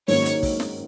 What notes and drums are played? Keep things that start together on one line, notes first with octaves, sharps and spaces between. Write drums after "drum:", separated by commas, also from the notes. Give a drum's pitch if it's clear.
G#2 D#3 F#3 A#3 C#4 C#5, drum: open hi-hat
drum: hi-hat
drum: kick, open hi-hat
drum: snare